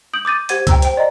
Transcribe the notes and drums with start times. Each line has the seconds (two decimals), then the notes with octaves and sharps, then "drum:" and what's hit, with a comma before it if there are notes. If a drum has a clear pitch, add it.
0.13 D#6 G6 D7 F#7
0.25 D6 G6 A6 D#7
0.49 G4 C5 F#5 G#6 A6 D#7, drum: hi-hat
0.67 G5 A#5 E6, drum: kick C#2, hi-hat
0.82 C5 G5, drum: hi-hat
0.97 D5 D#5 A#5